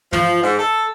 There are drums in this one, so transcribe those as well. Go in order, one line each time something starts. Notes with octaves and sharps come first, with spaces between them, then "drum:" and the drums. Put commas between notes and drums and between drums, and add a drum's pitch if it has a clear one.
F3, drum: tom
G#2
A4